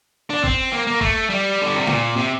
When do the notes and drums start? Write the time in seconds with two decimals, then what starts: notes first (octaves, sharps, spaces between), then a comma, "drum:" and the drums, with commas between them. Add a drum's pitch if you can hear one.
0.30 D4
0.44 C4, drum: kick
0.73 A#3
0.87 A#3
1.01 A3, drum: kick
1.30 G3
1.62 D3
1.75 C3
1.87 A#2, drum: snare
2.16 C3